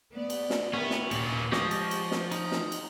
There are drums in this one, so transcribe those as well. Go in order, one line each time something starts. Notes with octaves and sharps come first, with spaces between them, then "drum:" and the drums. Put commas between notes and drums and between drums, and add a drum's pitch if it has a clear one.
B3 D5
drum: cymbal
drum: snare
B3 C#4 E4 G4 A#4
drum: snare
D#2 A#2 B3, drum: cymbal
F3 G#3 G4 C#5 D#5, drum: snare
drum: cymbal
drum: cymbal
drum: snare
D#4 A#5, drum: cymbal
drum: snare
drum: cymbal